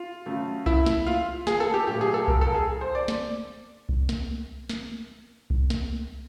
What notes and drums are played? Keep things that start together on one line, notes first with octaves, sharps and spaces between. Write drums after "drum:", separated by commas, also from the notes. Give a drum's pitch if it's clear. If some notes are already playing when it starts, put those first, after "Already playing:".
Already playing: F4
C#3 F#3 A3
E4, drum: kick C2
drum: snare
F4
G#4, drum: snare
A4
G4
A#2 F#3 A3 G4
G#4
A4
A#4, drum: kick C2
A4
G#4
C5
D5
drum: snare
drum: kick C2
drum: snare
drum: snare
drum: kick C2
drum: snare